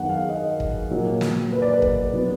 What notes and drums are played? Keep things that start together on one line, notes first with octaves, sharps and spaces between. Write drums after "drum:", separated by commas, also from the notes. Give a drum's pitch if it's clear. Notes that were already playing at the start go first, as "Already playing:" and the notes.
Already playing: F#2 D#3 B3 F#5
F5
D#5
drum: kick
A#2 F#3 A#3
drum: snare
B4
D5
B4
drum: kick
F#3 B3